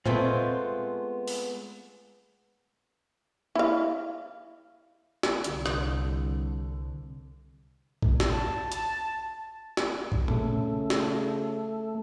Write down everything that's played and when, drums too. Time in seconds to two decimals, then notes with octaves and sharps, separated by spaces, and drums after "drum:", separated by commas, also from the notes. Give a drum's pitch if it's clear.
0.06 G#3 A3 B3 C4 F4, drum: tom A#2
1.28 drum: open hi-hat
3.55 E4 F5
5.23 drum: snare
5.44 C2 D3, drum: hi-hat
5.66 drum: rim click
8.02 drum: kick
8.20 drum: snare
8.29 A5
8.72 A5, drum: hi-hat
9.77 drum: snare
10.12 drum: kick
10.28 C#3 A3, drum: tom A#2
10.90 drum: snare